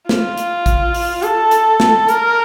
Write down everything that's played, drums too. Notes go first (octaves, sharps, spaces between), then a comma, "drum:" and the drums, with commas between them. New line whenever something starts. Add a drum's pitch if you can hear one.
F4, drum: snare
drum: hi-hat
drum: kick A1, hi-hat
drum: open hi-hat
A4, drum: hi-hat
drum: hi-hat
drum: snare
A#4, drum: hi-hat